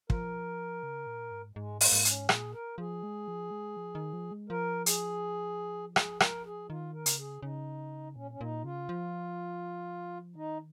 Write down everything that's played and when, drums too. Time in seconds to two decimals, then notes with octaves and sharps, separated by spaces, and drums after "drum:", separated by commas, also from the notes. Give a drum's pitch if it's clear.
0.10 F3 A#4, drum: kick
0.83 C#3
1.07 A#2
1.31 G#2
1.56 G#2 G#3
1.81 A#3, drum: open hi-hat
1.92 G#2
2.05 C#4, drum: hi-hat
2.29 A#2 G#4, drum: rim click
2.53 A#4
2.78 F3 G#4
3.03 G#3
3.28 F3
3.51 G#3
3.77 F3
3.95 D#3
4.13 F3
4.31 G#3
4.49 F3 A#4
4.86 G#4, drum: hi-hat
5.96 G#4, drum: rim click
6.20 A#4, drum: rim click
6.45 G#4
6.69 D#3 F4
6.94 A#4
7.06 C#3, drum: hi-hat
7.18 G#4
7.42 C#3 D#4
8.16 A#2 C#4
8.31 C#4
8.40 A#2 D#4
8.64 C#3 F4
8.89 F3
10.35 D#3 D#4